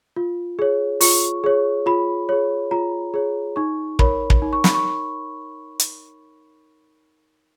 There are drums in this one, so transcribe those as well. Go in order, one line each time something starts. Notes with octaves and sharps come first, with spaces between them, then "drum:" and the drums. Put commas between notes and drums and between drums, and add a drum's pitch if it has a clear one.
F4
G#4 C#5
F4 C#6, drum: open hi-hat
G#4 C#5
F4 B5
G#4 C#5
F4 A#5
G#4 C#5
D#4 C#6
A#4 C#5 B5, drum: kick
drum: kick
D#4
C#6
B5, drum: snare
C#6
drum: hi-hat